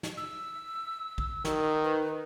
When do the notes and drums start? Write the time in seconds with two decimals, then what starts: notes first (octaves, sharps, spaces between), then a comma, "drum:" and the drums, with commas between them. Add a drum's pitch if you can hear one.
0.03 drum: snare
0.17 E6
1.18 drum: kick A#1
1.45 D#3, drum: snare
1.84 B4